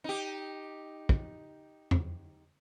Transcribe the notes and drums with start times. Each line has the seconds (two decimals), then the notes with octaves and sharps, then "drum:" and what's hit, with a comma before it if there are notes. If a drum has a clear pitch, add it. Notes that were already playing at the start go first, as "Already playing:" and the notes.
0.04 D#4 G4
1.09 drum: kick
1.91 drum: tom E2